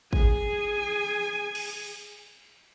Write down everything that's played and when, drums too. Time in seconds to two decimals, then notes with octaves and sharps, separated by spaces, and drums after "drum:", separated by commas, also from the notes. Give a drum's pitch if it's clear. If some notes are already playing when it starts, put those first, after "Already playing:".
0.13 G#4 G#5, drum: kick
1.55 drum: cymbal
1.85 drum: open hi-hat